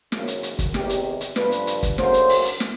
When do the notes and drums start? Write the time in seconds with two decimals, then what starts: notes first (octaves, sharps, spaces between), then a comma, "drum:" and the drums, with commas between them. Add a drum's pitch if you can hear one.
0.12 G#1 F#2 C#3 F#3 A#3, drum: snare
0.28 drum: hi-hat
0.43 drum: hi-hat
0.59 drum: kick, hi-hat
0.74 E2 C3 D#3 G4, drum: snare
0.90 drum: hi-hat
1.21 drum: hi-hat
1.36 G2 D3 F3 B4, drum: snare
1.52 drum: hi-hat
1.67 drum: hi-hat
1.83 drum: kick, hi-hat
1.98 D2 C#3 F#3 A#3 C5, drum: snare
2.14 drum: hi-hat
2.29 drum: open hi-hat
2.45 drum: hi-hat
2.60 drum: snare